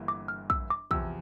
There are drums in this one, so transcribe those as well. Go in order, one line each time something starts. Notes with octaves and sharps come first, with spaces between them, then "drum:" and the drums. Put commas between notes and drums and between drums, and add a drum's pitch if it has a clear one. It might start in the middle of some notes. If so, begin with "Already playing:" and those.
Already playing: G1 G2 E3 A#3
D6
F6
E6, drum: kick
D6
E2 C3 F3 E6, drum: kick